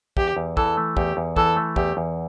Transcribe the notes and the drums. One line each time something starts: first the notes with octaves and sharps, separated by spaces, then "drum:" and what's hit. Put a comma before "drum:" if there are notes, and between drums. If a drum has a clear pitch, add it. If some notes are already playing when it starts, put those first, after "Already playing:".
E2 G4, drum: kick
E2
E3 A4, drum: kick
A3
E2 G4, drum: kick
E2
E3 A4, drum: kick
A3
E2 G4, drum: kick
E2